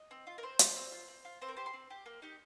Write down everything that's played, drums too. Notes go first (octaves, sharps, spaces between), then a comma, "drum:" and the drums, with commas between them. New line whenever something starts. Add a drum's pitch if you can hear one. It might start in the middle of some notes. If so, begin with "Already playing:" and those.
Already playing: D#5
C4
F4
A#4
C4 C5
F4, drum: hi-hat
C4
F4
C4
F4
C4 C5
A#4
G4 C5
C6
C4
G4
A#3
D#4 G4